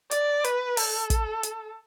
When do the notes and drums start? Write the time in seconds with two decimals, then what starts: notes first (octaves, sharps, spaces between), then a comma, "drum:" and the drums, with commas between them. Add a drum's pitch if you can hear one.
0.11 D5, drum: hi-hat
0.44 B4, drum: hi-hat
0.77 A4, drum: open hi-hat
1.10 drum: kick, hi-hat
1.43 drum: hi-hat